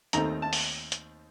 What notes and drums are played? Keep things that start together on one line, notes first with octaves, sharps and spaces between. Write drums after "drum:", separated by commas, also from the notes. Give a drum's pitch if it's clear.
D#2 D#3 A3 C4 A#5, drum: hi-hat
A5
drum: open hi-hat
drum: hi-hat